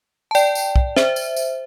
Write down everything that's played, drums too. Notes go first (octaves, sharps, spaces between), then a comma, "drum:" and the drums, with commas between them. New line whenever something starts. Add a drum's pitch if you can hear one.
A5
D5 G5, drum: tambourine
drum: tambourine
drum: kick
C5 E5, drum: snare
drum: tambourine
drum: tambourine